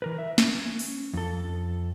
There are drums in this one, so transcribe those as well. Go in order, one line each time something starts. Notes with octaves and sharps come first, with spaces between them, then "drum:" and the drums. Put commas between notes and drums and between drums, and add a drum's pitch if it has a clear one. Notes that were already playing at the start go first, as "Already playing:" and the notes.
E3 A#4 B4
E5
C#4, drum: snare
drum: open hi-hat
F2 A4